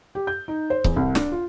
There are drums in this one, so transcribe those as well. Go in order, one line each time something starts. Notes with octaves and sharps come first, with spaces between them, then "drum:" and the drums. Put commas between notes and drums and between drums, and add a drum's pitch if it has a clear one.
G4
G6
D#4
C5
E2, drum: kick C#1
C2
D4, drum: snare
F4